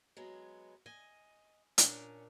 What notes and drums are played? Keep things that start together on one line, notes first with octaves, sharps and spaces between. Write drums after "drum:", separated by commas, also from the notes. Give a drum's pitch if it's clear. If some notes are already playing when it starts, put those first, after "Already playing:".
F#3 G#3 B3
D#5 G#5
A#2 C#4 D4 A#5, drum: hi-hat